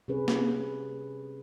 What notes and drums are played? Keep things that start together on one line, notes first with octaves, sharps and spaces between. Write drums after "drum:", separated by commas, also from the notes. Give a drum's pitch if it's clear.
C3 C#4 G#4 B4
drum: snare